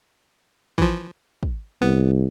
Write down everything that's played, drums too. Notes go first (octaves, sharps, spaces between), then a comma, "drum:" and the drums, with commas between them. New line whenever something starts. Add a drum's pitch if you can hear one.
E3 F3, drum: kick
drum: kick
C2 B3